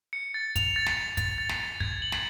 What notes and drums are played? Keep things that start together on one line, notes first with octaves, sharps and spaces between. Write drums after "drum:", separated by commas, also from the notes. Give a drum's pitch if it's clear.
C#7
A6
F7, drum: kick, hi-hat
A6
drum: snare
A6
A6, drum: kick, hi-hat
A6
drum: snare
A6
G#6, drum: kick
F#7
drum: snare